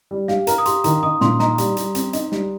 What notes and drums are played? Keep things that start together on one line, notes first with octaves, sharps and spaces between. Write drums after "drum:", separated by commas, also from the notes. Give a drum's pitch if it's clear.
G3
G4 F5, drum: snare
A#4 A#5, drum: hi-hat
D#6
G4 C6, drum: hi-hat
D#3 A#5, drum: hi-hat
D#4 D#6
A#2 C6, drum: snare
D#4 A#5, drum: snare
G3, drum: hi-hat
G3, drum: hi-hat
C4, drum: hi-hat
D#4, drum: hi-hat
G3, drum: snare